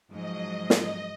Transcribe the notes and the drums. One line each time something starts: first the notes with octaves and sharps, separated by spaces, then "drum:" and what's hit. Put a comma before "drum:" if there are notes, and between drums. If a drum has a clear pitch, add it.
G#2 F3 F#3 D#5
drum: snare